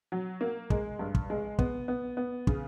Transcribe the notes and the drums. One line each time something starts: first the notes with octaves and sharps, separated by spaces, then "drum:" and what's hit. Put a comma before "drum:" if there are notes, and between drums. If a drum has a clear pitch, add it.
F#3
A#3
G#3, drum: kick
G2
drum: kick
G#3
B3, drum: kick
B3
B3
C#3, drum: kick